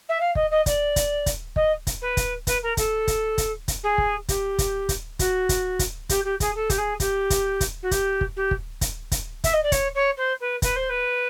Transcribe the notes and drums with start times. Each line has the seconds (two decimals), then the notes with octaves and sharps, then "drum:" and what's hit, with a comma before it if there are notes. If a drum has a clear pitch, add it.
0.09 E5
0.20 F5
0.35 D#5, drum: kick
0.51 D#5
0.66 D5, drum: kick, hi-hat
0.96 drum: kick, hi-hat
1.26 drum: kick, hi-hat
1.56 D#5, drum: kick
1.87 drum: kick, hi-hat
2.01 B4
2.17 drum: kick, hi-hat
2.47 B4, drum: kick, hi-hat
2.62 A#4
2.77 A4, drum: kick, hi-hat
3.08 drum: kick, hi-hat
3.38 drum: kick, hi-hat
3.68 drum: kick, hi-hat
3.83 G#4
3.98 drum: kick
4.29 G4, drum: kick, hi-hat
4.59 drum: kick, hi-hat
4.89 drum: kick, hi-hat
5.19 F#4, drum: kick, hi-hat
5.49 drum: kick, hi-hat
5.79 drum: kick, hi-hat
6.09 G4, drum: kick, hi-hat
6.24 G4
6.40 G#4, drum: kick, hi-hat
6.55 A4
6.70 G4, drum: kick, hi-hat
6.78 G#4
7.00 G4, drum: kick, hi-hat
7.30 drum: kick, hi-hat
7.61 drum: kick, hi-hat
7.82 F#4
7.91 G4, drum: kick, hi-hat
8.21 drum: kick
8.36 G4
8.51 drum: kick
8.81 drum: kick, hi-hat
9.12 drum: kick, hi-hat
9.44 E5, drum: kick, hi-hat
9.53 D#5
9.63 D5
9.72 C#5, drum: kick, hi-hat
9.95 C#5
10.17 C5
10.40 B4
10.62 B4, drum: kick, hi-hat
10.76 C5
10.89 B4